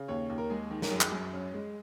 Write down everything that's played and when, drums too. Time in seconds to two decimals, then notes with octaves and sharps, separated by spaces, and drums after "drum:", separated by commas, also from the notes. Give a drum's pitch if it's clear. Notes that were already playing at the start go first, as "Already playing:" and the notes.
Already playing: C#3
0.08 D#2 C#5
0.30 D#2
0.38 A#4
0.50 G#3 G#4
0.71 D#3
0.82 A#4, drum: snare
0.91 F#2 G#4
1.01 drum: clap
1.12 F#2
1.33 C#4
1.54 G#3